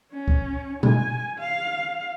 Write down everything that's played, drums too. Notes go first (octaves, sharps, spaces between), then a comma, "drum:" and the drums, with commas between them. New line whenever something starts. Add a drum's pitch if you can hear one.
C#4
drum: kick
G#5, drum: tom B2
F5